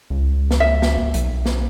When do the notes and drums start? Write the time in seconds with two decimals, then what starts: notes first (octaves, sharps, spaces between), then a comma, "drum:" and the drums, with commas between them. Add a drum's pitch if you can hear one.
0.10 C#2
0.51 drum: snare
0.60 E5
0.82 drum: snare
0.98 drum: kick C2
1.14 B1, drum: hi-hat
1.46 drum: snare